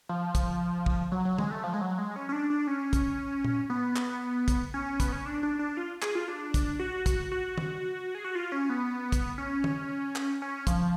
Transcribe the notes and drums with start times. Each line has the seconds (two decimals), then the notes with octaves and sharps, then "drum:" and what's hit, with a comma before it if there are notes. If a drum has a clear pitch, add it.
0.09 F3
0.35 drum: kick, hi-hat
0.86 drum: kick
1.12 F#3
1.25 F#3
1.38 G#3, drum: tom D#3
1.51 A3
1.64 F3
1.74 G#3
1.81 F#3
1.99 G#3
2.16 C#4
2.29 C#4
2.32 D4
2.50 D4
2.67 C#4
2.93 drum: kick, hi-hat
3.44 drum: tom A#2
3.70 B3
3.96 drum: clap
4.48 drum: kick, hi-hat
4.74 C#4
5.00 B3, drum: kick, hi-hat
5.13 C#4
5.26 D4
5.43 D4
5.59 D4
5.77 F4
6.02 G#4, drum: clap
6.15 F4
6.28 D4
6.54 drum: kick, hi-hat
6.79 F#4
7.06 drum: kick, hi-hat
7.32 F#4
7.58 drum: tom D#3
8.15 G#4
8.24 F#4
8.35 F4
8.52 C#4
8.69 B3
9.12 drum: kick, hi-hat
9.38 C#4
9.64 drum: tom D#3
10.16 drum: clap
10.42 C#4
10.67 F3, drum: kick, hi-hat